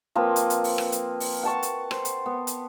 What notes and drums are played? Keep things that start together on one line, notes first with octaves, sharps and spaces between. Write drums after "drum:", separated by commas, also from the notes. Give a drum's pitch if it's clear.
F3 A#3 C4 B4
drum: hi-hat
drum: hi-hat
drum: open hi-hat
drum: rim click
drum: hi-hat
drum: open hi-hat
F#5 A5 C#6
drum: hi-hat
C5, drum: rim click
drum: hi-hat
B3
drum: hi-hat